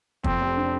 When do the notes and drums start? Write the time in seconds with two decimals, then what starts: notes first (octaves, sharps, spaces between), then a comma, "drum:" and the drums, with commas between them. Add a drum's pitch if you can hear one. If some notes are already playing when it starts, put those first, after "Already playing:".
0.24 F2 C4, drum: kick
0.41 F1
0.57 D4